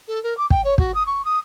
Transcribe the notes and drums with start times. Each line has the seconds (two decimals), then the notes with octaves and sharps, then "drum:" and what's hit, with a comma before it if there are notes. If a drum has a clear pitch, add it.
0.07 A4
0.23 A#4
0.37 D6
0.50 G5, drum: kick
0.64 C#5
0.78 F#4, drum: kick
0.94 D#6
1.06 C#6
1.24 D#6